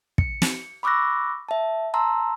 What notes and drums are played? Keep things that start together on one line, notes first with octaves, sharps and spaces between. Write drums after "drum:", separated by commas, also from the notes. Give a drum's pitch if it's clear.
C#7, drum: kick
drum: snare
B5 C#6 D6 E6 F#6 A#6
E5 A5
A5 A#5 C6 E6